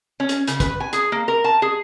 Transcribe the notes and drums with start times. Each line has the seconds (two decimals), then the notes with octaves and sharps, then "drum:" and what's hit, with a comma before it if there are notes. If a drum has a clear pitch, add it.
0.20 C#4
0.29 drum: hi-hat
0.48 C#3, drum: hi-hat
0.60 B4, drum: kick, hi-hat
0.80 G#5
0.93 G#4, drum: hi-hat
1.12 A#3
1.28 A#4
1.44 A5
1.62 G#4